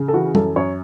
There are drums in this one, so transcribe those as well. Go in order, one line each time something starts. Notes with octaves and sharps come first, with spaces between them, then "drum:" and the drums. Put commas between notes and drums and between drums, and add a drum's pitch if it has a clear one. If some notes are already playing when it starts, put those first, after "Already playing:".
Already playing: C#3
A4
E3 F#4
F#2 A4, drum: tom
F#2 C#5